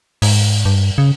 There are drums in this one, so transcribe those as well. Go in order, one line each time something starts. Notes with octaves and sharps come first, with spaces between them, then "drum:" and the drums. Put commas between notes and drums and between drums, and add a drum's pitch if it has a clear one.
G#2, drum: open hi-hat
G2
C#3